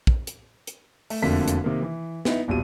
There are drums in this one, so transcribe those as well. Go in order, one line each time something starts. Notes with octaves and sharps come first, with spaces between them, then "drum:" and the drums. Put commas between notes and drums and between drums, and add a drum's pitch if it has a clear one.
drum: kick
drum: hi-hat
drum: hi-hat
A3, drum: open hi-hat
E1 F2 D3 A3 A#3 B6
drum: hi-hat
C3 D#3 A#3
E3
B3 D#4 E4, drum: snare
D#1 B1 A#2 G3 D#7